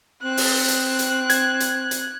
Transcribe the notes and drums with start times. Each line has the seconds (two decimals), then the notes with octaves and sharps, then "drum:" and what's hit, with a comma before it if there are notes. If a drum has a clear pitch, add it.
0.23 C4 F#6
0.37 drum: open hi-hat
0.68 drum: hi-hat
0.99 drum: hi-hat
1.30 G#6, drum: hi-hat
1.60 drum: hi-hat
1.91 drum: hi-hat